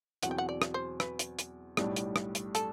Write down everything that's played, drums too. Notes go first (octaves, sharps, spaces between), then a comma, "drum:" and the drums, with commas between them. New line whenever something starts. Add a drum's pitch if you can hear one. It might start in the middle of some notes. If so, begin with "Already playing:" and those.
E2 B2 F#3 C4 F#5, drum: hi-hat
G5
F#5
D5
drum: rim click
C5
B4, drum: rim click
drum: hi-hat
drum: hi-hat
B1 A2 G3 D4, drum: rim click
drum: hi-hat
drum: rim click
drum: hi-hat
A4, drum: hi-hat